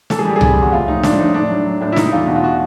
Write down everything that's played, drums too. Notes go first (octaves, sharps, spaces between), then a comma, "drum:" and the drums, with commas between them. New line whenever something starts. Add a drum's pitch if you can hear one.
E3 A4, drum: snare
G#4
G3 G4
G#4
C3, drum: tom C2
E2
F#4
A2 F4
F3 D#4
F3 D4, drum: snare
A2 D#4
A2 D4
F#3
F#3
A2 D4
E4
G3 D#4, drum: snare
E2 F4
B2 F#4
F4
F#4